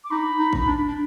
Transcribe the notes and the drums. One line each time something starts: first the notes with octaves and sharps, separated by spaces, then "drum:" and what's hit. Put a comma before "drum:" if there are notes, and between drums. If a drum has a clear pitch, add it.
D6
D#4 B5
D#4
drum: kick
D4
D4